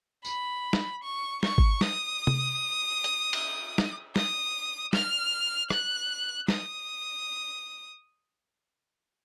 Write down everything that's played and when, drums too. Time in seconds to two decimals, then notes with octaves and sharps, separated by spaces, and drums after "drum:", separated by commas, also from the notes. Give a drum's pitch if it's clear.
0.25 B5, drum: tambourine
0.73 drum: snare
1.03 C#6
1.43 C#6, drum: snare
1.58 drum: kick G#1
1.81 D#6, drum: snare
2.27 drum: tom C3
3.04 drum: hi-hat
3.33 drum: cymbal
3.78 drum: snare
4.16 D#6, drum: snare
4.93 F6, drum: snare
5.70 F#6, drum: rim click
6.48 D#6, drum: snare